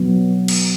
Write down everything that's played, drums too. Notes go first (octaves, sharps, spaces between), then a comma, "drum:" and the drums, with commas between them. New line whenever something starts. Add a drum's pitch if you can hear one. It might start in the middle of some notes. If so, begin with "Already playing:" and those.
Already playing: F#3 B3
drum: cymbal